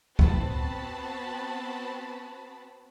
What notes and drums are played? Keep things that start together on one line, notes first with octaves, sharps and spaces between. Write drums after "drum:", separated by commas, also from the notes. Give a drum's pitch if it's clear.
B3 C4 F#4 A5 B5, drum: kick